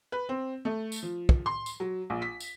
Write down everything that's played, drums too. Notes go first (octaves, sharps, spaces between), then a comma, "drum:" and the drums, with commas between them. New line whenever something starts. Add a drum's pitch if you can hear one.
B4
C4
A3
drum: tambourine
F3
drum: kick
C6
drum: tambourine
F#3
A#1
B6
drum: tambourine